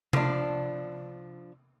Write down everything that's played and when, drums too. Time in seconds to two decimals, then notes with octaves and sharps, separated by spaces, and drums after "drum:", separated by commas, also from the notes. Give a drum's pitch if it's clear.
0.13 F3 D4, drum: tom C3